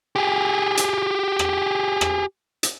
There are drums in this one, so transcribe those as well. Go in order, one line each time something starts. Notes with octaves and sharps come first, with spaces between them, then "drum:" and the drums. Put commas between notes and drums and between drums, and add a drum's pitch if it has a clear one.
G4 G#4
drum: hi-hat
drum: rim click
drum: rim click
drum: hi-hat